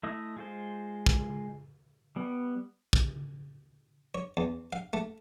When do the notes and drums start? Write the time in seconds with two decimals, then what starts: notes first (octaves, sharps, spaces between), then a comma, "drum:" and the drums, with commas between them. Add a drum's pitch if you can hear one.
0.03 A3 E4 D#5
0.36 G#3 F4 C5
1.06 drum: kick
2.16 G3 B3
2.93 drum: kick
4.15 C#5
4.37 E2
4.73 F5
4.93 A3